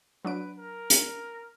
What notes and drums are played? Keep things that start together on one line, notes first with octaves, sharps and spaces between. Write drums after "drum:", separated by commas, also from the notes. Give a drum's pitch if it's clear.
F#3 D4 B4 D7
A#4
drum: hi-hat